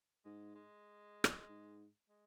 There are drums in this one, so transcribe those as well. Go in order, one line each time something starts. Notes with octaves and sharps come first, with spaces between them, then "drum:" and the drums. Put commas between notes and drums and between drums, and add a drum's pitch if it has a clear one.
G#2 G#3
G#3
drum: rim click
G#2
G#3